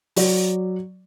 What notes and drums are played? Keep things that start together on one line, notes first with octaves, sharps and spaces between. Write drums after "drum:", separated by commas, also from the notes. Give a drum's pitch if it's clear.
F#3 D5, drum: open hi-hat